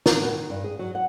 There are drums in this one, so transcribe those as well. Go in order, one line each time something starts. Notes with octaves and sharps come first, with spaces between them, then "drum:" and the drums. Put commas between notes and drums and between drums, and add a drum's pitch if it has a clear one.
A#4, drum: snare
B2
D#3
G2
G#4
F#3
F#5